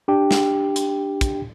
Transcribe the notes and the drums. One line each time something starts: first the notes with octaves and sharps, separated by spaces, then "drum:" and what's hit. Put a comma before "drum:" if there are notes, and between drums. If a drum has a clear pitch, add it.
D4 G4 G5
drum: snare
drum: hi-hat
drum: kick, hi-hat